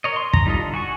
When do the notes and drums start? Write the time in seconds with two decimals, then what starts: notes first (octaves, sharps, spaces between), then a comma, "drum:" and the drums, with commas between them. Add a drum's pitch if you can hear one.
0.04 A#4 C#5 D#5
0.16 C6
0.33 A#5, drum: kick
0.46 G3 D#4 F4 A4 D#5
0.61 D3
0.74 F#4 G#5 C#6